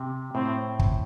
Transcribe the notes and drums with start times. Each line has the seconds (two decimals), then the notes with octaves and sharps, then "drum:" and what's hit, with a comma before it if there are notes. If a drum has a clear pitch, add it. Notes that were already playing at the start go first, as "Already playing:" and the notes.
Already playing: C3
0.35 A2 C4
0.79 drum: kick